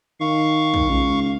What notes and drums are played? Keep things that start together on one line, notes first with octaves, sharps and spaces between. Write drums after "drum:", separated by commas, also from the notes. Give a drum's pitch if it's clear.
D#3 F5 C#6
drum: kick
C#2